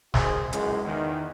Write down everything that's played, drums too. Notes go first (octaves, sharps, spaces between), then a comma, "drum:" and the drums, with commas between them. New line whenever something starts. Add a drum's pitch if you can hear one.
D#2 G#2 D#3 F#4 G#4 C5, drum: snare
C#2 F#2 E3 G#3, drum: hi-hat
E2 D#3